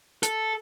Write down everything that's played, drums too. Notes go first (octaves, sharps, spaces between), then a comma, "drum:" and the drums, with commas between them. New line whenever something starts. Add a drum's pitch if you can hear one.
A4, drum: hi-hat